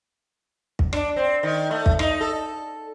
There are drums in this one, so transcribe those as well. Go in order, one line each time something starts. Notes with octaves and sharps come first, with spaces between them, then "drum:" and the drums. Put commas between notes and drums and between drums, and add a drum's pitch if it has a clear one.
drum: kick
D4, drum: rim click
C4
D#3
A3
drum: kick
D#4, drum: rim click
A4